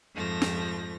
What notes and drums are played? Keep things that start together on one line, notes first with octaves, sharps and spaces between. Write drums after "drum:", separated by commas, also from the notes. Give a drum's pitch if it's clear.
F2 G#2 F3 A3 A#6
drum: snare